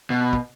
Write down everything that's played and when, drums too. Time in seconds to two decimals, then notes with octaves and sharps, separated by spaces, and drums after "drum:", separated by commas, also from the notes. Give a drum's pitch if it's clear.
0.10 B2
0.33 drum: kick